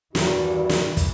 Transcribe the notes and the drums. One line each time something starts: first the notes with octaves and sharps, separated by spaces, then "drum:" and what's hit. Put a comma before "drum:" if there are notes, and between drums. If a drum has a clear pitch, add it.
E2 G2 D#3 E3 F#4, drum: snare
drum: snare
drum: kick, hi-hat